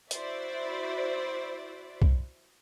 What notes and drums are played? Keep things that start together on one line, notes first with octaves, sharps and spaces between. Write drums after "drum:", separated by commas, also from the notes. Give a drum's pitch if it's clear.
E4 F#4 C5 D5 E5, drum: hi-hat
drum: kick